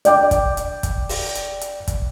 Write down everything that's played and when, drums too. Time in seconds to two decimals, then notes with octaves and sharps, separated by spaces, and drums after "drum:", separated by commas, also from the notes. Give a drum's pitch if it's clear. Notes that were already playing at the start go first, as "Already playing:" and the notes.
0.05 D5 G5 D6, drum: hi-hat
0.31 drum: kick, hi-hat
0.57 drum: hi-hat
0.83 drum: kick, hi-hat
1.09 drum: open hi-hat
1.35 drum: hi-hat
1.61 drum: hi-hat
1.88 drum: kick, hi-hat